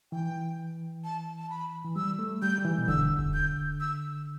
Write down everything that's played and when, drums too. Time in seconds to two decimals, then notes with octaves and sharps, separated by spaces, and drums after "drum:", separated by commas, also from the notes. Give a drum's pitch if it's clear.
0.12 E3 G5
1.04 A5
1.39 A5
1.50 B5
1.85 E3
1.96 G3 E6
2.19 A3
2.42 G3 G6
2.58 G3
2.65 E3
2.78 B2
2.88 D3 E6, drum: kick E1
3.19 drum: kick E1
3.34 G6
3.80 E6